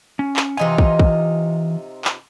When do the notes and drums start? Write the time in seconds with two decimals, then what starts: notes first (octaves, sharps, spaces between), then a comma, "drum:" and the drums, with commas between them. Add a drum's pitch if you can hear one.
0.19 C#4
0.36 drum: clap
0.57 C3 E3 D#4 F4 G#5
0.78 drum: kick
0.99 drum: kick
2.05 drum: clap